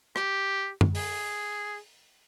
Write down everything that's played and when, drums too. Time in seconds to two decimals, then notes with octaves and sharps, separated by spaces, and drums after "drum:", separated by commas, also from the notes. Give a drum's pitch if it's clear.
0.16 G4, drum: rim click
0.81 drum: tom F#2
0.95 G#4, drum: open hi-hat